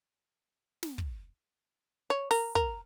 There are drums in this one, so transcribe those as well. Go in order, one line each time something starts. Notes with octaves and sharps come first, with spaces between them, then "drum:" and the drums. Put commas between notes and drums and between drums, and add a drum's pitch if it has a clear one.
drum: snare
drum: kick
C#5
A#4, drum: open hi-hat
A#4, drum: kick